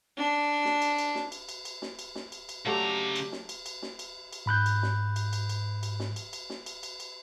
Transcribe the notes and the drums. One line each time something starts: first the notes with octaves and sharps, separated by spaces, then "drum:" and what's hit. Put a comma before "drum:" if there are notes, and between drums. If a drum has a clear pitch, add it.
D4
drum: snare
drum: cymbal
drum: cymbal
drum: snare
drum: cymbal
drum: cymbal
drum: cymbal
drum: snare
drum: cymbal
drum: snare
drum: cymbal
drum: cymbal
C#3 F#3 A3 D4 G4 A#5
drum: cymbal
drum: snare
drum: cymbal
drum: cymbal
drum: snare
drum: cymbal
drum: cymbal
G#2 B5 F#6 G6
drum: cymbal
drum: snare
drum: cymbal
drum: cymbal
drum: cymbal
drum: cymbal
drum: snare
drum: cymbal
drum: cymbal
drum: snare
drum: cymbal
drum: cymbal
drum: cymbal